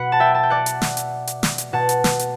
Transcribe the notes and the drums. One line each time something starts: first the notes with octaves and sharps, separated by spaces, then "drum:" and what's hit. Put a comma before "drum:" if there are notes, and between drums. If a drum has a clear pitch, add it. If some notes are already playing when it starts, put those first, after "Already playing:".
Already playing: B2 F#5 B5
A5
E5 G5
A5
G5
D5 F#5
drum: hi-hat
drum: snare
drum: hi-hat
drum: hi-hat
drum: snare
drum: hi-hat
B2 F#5 A5
drum: hi-hat
drum: snare
drum: hi-hat